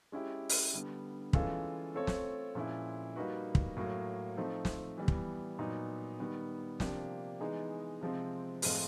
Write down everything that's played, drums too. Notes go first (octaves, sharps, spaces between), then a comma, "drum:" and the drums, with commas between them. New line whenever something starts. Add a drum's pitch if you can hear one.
G#3 C#4 E4 G4
drum: open hi-hat
D3 G3 B3
E3 G#3 C#4 F4 A4, drum: kick
A3 C4 F4 A4 C#5
drum: snare
A#2 F3 G#3 C#4 E4
G3 A#3 D#4 F#4 B4
drum: kick
A2 F#3 A#3
F3 A3 C4 D#4
drum: snare
E3 G3 B3
drum: kick
A#2 F#3 B3 D#4
D#3 G3 B3
C3 F3 A#3 D4 G4, drum: snare
E3 G#3 B3 D#4 G#4
C3 F3 G#3 C4
A2 F3 G#3 C4, drum: open hi-hat